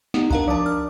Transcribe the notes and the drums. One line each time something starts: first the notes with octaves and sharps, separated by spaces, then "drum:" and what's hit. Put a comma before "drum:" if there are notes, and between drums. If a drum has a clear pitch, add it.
B3 D#4 G4, drum: snare
D4 A#4 F5 A#5, drum: kick C2
F3 D5 A5
F6